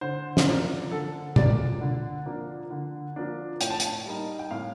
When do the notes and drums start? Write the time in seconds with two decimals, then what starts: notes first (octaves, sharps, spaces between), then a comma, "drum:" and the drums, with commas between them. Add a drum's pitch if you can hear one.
0.01 D3 C5
0.37 drum: snare
0.47 F3 A#3 D4
0.91 D3 A4
1.36 F3 A#3 D4 D5, drum: tom
1.81 D3
2.26 F3 A#3 D4
2.70 D3
3.16 F3 A#3 D4
3.61 A2 G5, drum: hi-hat
3.70 A5
3.80 G5, drum: hi-hat
4.06 G3 A#3 D#4
4.39 G5
4.51 A2 F5